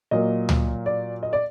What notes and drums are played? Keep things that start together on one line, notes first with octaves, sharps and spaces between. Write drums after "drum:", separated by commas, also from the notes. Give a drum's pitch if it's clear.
A#2 F#3 A#3 D#5
drum: tom C#2
D5
D#5
D5